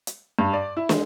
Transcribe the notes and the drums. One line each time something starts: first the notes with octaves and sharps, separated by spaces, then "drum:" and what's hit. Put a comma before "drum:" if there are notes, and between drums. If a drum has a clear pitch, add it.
drum: hi-hat
G2
D5
E4
G#3, drum: snare